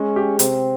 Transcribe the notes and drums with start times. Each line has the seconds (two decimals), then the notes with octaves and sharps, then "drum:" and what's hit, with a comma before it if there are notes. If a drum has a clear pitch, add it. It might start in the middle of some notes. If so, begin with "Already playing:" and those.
Already playing: G#3 C#4
0.16 G4
0.39 C3 C4, drum: hi-hat